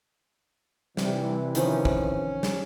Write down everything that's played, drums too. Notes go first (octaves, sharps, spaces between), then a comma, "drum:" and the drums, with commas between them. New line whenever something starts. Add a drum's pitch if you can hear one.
C3 E3 G3, drum: snare
D#3 F3 C#4, drum: hi-hat
drum: kick
drum: snare